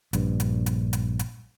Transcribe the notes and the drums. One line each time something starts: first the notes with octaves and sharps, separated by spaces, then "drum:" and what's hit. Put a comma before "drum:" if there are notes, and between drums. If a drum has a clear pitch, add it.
A#1 G2, drum: hi-hat
drum: hi-hat
drum: hi-hat
drum: hi-hat
drum: hi-hat